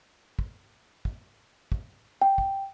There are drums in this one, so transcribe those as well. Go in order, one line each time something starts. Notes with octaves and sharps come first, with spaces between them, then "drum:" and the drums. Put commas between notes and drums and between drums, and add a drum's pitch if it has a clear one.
drum: kick
drum: kick
drum: kick
G5
drum: kick